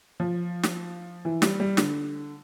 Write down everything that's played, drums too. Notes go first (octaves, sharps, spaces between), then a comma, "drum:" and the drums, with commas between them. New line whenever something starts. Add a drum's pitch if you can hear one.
F3
drum: snare
E3
G3, drum: snare
G3
D3, drum: snare